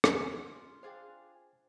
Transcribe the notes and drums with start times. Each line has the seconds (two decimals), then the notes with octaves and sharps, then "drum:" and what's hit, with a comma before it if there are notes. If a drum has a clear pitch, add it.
0.04 drum: rim click
0.20 F4
0.83 D4 G#4 C5 F5 G5